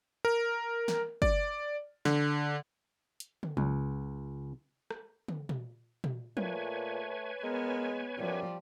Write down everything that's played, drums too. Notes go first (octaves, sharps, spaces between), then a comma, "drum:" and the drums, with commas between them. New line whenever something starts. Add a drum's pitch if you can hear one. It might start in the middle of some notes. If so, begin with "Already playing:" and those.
A#4
drum: snare
D5, drum: kick
D3, drum: snare
drum: hi-hat
drum: tom
C#2, drum: tom F3
drum: rim click
drum: tom
drum: tom A#2
drum: tom A#2
A#2 A3 B4 C#5 G#5, drum: tom F3
G#3 B3 A#4
F#2 F3 G3 G4 D5